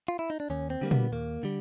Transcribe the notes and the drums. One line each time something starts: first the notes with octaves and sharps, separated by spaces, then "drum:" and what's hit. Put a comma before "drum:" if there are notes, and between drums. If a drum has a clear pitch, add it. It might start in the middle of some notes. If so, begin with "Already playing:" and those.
F4
E4
D#4
D4
D#2 C#4
C4
D3 G3 A#3
B3, drum: tom A#2
D#2 A#3
D3 G3